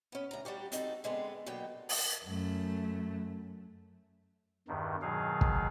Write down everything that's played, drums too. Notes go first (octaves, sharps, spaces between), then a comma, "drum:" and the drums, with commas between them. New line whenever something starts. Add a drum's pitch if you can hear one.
B3 C#4
D2 A#5
G3 D4 F#4 G4
C4 D#4 F#4 A4, drum: hi-hat
D3 G#3 B3 C4
B2 D3 F#3 A#3 G5
drum: open hi-hat
F#2 A3
E2 G2 D#3
B2 D#3 F#3 G#4 F5
drum: kick